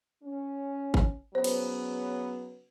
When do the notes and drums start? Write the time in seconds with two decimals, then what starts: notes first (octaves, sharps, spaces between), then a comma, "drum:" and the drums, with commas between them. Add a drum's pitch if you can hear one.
0.23 C#4
0.94 drum: kick G#1
1.35 C#3 F#3 B3 C5
1.44 drum: cymbal